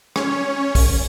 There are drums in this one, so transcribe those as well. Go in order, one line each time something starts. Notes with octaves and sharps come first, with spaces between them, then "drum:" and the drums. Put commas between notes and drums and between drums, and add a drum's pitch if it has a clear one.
C#4 C#5, drum: rim click
drum: kick, open hi-hat